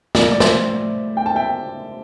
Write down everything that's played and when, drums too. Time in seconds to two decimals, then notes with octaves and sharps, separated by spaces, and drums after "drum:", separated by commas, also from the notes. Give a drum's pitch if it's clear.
0.15 A2 G3 A#3 A#4 D5, drum: snare
0.32 D5
0.40 C5 E5, drum: snare
1.17 G5
1.26 A5
1.35 E5 G5